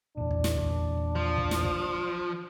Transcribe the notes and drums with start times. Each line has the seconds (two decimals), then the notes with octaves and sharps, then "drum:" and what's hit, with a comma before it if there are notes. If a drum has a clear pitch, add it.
0.17 E2 A#2 D4
0.31 drum: kick
0.44 drum: snare
0.57 drum: kick
1.15 F3
1.38 drum: kick
1.51 drum: snare
1.65 drum: kick